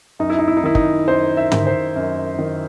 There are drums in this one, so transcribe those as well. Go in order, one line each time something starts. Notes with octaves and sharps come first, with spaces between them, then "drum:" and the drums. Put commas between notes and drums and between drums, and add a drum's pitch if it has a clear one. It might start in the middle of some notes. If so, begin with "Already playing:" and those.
F#2 D#4
E4
D#4
E4
D#4
D#3 E4
D#4, drum: kick
F#2 C5
E5
D#3, drum: tom
C5
F#2
D#3